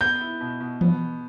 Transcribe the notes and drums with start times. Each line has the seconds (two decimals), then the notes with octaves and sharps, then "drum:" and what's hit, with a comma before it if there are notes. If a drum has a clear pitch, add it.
0.01 B3 G6
0.21 E4
0.41 B2
0.60 B2
0.81 B3, drum: tom E3